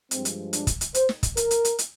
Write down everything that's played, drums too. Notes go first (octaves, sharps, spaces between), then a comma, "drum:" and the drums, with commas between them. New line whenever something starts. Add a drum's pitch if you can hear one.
G2 F3 G#3 C4, drum: hi-hat
drum: hi-hat
D4, drum: hi-hat
drum: kick, hi-hat
drum: hi-hat
C5, drum: hi-hat
drum: snare
drum: kick, hi-hat
A#4, drum: hi-hat
drum: hi-hat
drum: hi-hat
drum: hi-hat